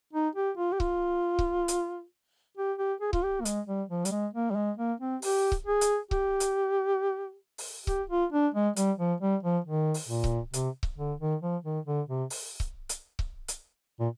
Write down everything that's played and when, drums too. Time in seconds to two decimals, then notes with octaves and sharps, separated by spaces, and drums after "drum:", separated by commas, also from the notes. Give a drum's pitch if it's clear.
0.13 D#4
0.35 G4
0.57 F4
0.72 G4
0.80 F4, drum: kick C#1
1.39 drum: kick C#1
1.68 drum: hi-hat
2.57 G4
2.78 G4
3.01 G#4
3.13 F4, drum: kick C#1
3.23 G4
3.41 A#3
3.45 G#3, drum: hi-hat
3.67 G3
3.89 F3
4.05 G3, drum: hi-hat
4.12 G#3
4.34 A#3
4.51 G3
4.56 G#3
4.78 A#3
5.01 C4
5.22 G4, drum: open hi-hat
5.52 drum: kick C#1
5.66 G#4
5.81 drum: hi-hat
6.11 G4, drum: kick C#1
6.40 drum: hi-hat
7.58 drum: open hi-hat
7.87 G4, drum: kick C#1
8.10 F4
8.32 D4
8.54 G#3
8.76 G3, drum: hi-hat
8.98 F3
9.20 G3
9.43 F3
9.64 D#3
9.94 drum: open hi-hat
10.09 A#2
10.24 drum: kick C#1
10.53 C3, drum: hi-hat
10.83 drum: kick C#1
10.98 D3
11.20 D#3
11.41 F3
11.64 D#3
11.86 D3
12.09 C3
12.30 drum: open hi-hat
12.60 drum: kick C#1
12.89 drum: hi-hat
13.19 drum: kick C#1
13.48 drum: hi-hat
14.00 A#2